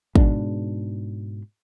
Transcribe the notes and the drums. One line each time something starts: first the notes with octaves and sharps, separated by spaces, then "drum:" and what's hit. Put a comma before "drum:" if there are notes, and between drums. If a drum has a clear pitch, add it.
G#2 B2 D4, drum: kick